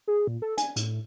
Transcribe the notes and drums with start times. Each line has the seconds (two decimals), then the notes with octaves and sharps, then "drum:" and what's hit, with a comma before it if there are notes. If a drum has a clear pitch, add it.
0.08 G#4
0.27 A#2
0.42 A4
0.58 G#5, drum: hi-hat
0.76 A2, drum: hi-hat